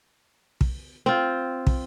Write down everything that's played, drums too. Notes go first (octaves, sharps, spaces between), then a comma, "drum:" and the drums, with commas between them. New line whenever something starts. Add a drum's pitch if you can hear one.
drum: kick
C4 F4
drum: kick